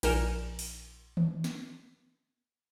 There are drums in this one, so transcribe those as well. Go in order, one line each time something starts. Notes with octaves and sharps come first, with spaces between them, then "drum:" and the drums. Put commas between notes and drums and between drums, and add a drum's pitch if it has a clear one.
A#1 D#4 A#4 G#5 E7, drum: cymbal
drum: open hi-hat
drum: tom D#3
drum: snare